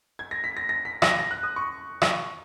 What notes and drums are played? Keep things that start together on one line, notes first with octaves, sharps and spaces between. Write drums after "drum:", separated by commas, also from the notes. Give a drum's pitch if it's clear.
G#6
A#6
B6
A#6
A#6
B6
A#6, drum: rim click
A#6
F#6
D#6
C#6
drum: rim click